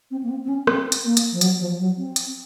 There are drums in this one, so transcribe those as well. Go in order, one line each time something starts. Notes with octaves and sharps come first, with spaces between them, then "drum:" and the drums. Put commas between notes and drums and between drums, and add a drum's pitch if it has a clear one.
C4
A#3
C4
C4
C#4
C4, drum: rim click
drum: hi-hat
A#3
drum: hi-hat
F3
F#3, drum: hi-hat
F3
F#3
C4
drum: hi-hat